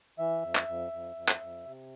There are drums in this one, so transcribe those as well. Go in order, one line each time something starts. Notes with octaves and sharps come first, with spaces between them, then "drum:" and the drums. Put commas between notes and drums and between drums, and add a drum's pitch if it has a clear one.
E3 E5
F2
drum: clap
F2
F2
F2
drum: clap
F2
C3